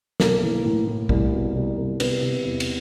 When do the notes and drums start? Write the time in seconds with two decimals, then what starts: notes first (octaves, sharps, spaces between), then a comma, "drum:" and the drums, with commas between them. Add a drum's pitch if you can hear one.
0.20 B1 A#3, drum: snare
0.43 E3
0.65 A2
0.87 A2
1.09 C2, drum: kick
1.32 B2
1.55 C2
1.77 C2
2.00 C3 B3, drum: cymbal
2.22 C3
2.45 E2
2.60 drum: cymbal